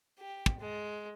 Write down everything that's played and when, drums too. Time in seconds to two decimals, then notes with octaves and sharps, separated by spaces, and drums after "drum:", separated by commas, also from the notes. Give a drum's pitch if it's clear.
0.19 G4
0.46 drum: kick
0.60 G#3